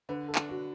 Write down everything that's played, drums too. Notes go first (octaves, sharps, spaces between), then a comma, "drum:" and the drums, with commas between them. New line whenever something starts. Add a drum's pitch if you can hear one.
D3 B4
A4
D4, drum: clap
F#4